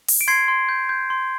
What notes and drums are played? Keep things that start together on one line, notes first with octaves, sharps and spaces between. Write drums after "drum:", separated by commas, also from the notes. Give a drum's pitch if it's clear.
drum: open hi-hat
D7
C6 G#6 C7
C6
G6
G6
C6